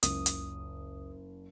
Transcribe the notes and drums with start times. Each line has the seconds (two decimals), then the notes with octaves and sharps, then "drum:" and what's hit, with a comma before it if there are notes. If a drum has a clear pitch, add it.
0.03 F#1 C#2 D#6, drum: hi-hat
0.26 drum: hi-hat